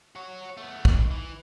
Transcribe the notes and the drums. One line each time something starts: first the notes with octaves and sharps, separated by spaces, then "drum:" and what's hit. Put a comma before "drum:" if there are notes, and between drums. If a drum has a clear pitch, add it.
F#4 C#5
A3 B3
D#3 E3, drum: kick
E3